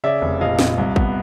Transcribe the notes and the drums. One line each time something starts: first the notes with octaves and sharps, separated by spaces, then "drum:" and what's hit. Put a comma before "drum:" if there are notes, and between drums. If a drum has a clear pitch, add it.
C#3 D5 E5
F1
A#1 D#5 F5
A#1, drum: snare
C2
B3, drum: kick